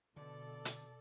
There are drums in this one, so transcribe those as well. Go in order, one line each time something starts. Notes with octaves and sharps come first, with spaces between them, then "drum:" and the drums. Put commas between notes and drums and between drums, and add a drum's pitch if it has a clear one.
B2 D3 A4 D5
drum: hi-hat